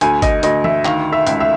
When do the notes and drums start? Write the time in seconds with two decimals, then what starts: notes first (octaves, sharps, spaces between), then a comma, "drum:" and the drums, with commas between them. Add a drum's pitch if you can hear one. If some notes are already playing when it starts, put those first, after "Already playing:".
0.01 D2 G#5, drum: hi-hat
0.22 D#5, drum: kick G1, hi-hat
0.43 D2 D#5, drum: hi-hat
0.64 E5, drum: tom
0.85 D#3 F5, drum: clap
1.12 E5
1.27 C#2, drum: hi-hat
1.40 E5